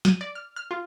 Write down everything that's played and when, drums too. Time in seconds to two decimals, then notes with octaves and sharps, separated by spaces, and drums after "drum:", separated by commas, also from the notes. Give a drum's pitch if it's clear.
0.05 D#7, drum: snare
0.21 D5
0.35 F6
0.56 F6
0.71 F4